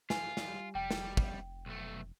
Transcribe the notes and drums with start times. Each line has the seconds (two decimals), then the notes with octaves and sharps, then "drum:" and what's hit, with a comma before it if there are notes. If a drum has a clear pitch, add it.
0.10 F4 G#5, drum: snare
0.37 drum: snare
0.47 G3
0.75 F1 G3 G5
0.91 drum: snare
1.17 drum: kick
1.66 B1 A3